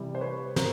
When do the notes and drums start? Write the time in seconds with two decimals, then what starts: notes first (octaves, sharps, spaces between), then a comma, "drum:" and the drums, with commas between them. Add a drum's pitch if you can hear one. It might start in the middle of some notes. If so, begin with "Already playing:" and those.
Already playing: C3 E3 G3
0.15 C5
0.21 B4 C#5
0.56 A#4 C5, drum: snare